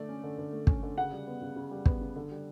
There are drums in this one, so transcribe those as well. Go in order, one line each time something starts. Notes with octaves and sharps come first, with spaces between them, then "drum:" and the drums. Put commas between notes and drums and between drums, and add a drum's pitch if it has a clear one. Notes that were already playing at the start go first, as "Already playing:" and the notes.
Already playing: D3 A3 D5
C#4
D3
D3
A3
C#4, drum: kick
D3
C#3 F#5
G3
B3
C#3
C#3
G3
B3, drum: kick
C#3
D3
G3